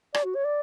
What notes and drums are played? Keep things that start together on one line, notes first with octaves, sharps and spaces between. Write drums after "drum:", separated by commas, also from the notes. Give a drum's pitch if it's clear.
D5, drum: rim click
F#4
C#5
D5